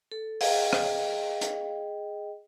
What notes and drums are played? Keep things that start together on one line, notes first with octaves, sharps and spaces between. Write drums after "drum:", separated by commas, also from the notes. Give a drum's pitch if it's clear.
A4
G#4 D#5 F5 G5, drum: open hi-hat
drum: rim click
drum: hi-hat